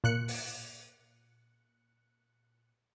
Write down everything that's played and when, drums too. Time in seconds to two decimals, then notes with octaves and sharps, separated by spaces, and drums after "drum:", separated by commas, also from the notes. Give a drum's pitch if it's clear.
0.04 A#2 F#6 C#7
0.28 drum: open hi-hat